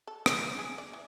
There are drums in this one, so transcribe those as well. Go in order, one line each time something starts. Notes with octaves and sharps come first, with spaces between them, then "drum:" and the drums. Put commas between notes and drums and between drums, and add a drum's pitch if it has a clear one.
A4
D#4, drum: rim click
G#4
D5
E3